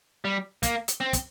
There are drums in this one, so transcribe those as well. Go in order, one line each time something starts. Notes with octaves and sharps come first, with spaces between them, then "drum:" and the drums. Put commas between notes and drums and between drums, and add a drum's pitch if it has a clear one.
G3
A#3, drum: kick, hi-hat
drum: hi-hat
C4
drum: kick, hi-hat